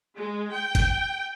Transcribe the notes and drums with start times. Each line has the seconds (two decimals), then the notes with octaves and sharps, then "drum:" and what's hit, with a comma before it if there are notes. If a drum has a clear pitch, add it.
0.18 G#3
0.51 G5
0.75 drum: kick, hi-hat